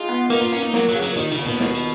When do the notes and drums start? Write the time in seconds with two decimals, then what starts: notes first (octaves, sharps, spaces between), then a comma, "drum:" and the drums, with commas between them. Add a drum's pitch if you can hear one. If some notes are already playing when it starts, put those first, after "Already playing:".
Already playing: G#3 D#4 F4
0.09 B3
0.30 A#3 D#4, drum: cymbal
0.41 F4
0.52 A#3 C#4
0.63 D#4
0.73 F#3 A#3, drum: snare
0.89 F#3, drum: cymbal
0.95 C#3
1.02 F#3, drum: cymbal
1.16 D#2 D#3, drum: cymbal
1.32 C#3, drum: cymbal
1.39 D#2
1.45 B2, drum: cymbal
1.60 D#2, drum: snare
1.75 drum: cymbal